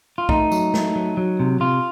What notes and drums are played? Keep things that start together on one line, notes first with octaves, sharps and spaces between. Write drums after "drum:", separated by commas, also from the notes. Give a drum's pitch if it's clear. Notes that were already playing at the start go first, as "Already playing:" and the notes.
F4
A3 D#4, drum: kick A#1
F#3, drum: tambourine
A3, drum: snare
F#3
F#3
C3
C3 F4